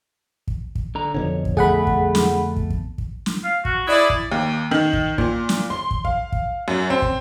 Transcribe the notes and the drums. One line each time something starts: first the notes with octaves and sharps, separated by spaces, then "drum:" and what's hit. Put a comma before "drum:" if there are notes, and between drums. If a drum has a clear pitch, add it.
drum: kick
drum: kick
D3 A#5
F2 B2 D3 C#5
drum: kick
A3 G#4 F#5 B5, drum: kick
drum: kick
drum: snare
drum: kick
drum: kick
drum: kick
drum: snare
F5
F#4, drum: kick
E4 G#4 D5
drum: kick
D#2
D#3
drum: kick
A#2, drum: kick
drum: snare
C6
drum: kick
F5, drum: kick
drum: kick
F#2
C4
drum: kick